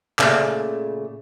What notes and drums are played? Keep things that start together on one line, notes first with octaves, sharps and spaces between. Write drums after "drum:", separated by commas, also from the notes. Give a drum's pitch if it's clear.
A#2 C#3 A3, drum: clap